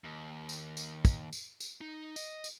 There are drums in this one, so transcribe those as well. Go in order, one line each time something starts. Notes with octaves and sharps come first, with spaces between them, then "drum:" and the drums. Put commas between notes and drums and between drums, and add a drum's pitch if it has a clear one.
D#2
drum: tambourine
drum: tambourine
drum: kick, tambourine
drum: tambourine
drum: tambourine
D#4
D#5, drum: tambourine
drum: tambourine